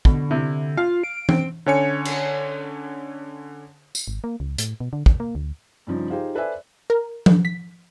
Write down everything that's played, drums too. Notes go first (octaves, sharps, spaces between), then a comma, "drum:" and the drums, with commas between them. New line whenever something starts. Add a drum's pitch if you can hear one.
B2 D3, drum: kick
C3 E4
F4 F5
D7
C4, drum: tom E3
D3 C#4 C#5 G#5 C#7
drum: cymbal
drum: tambourine
G#1
A#3
C#2
A2, drum: hi-hat
B2
D3
D#2, drum: kick
A#3
D2
G2 C#3 F3 D#4
D#4 F4 G4 G#4 C5 F5
A4 B4 C5 D5 E5 G#5
A#4
drum: tom F3
B6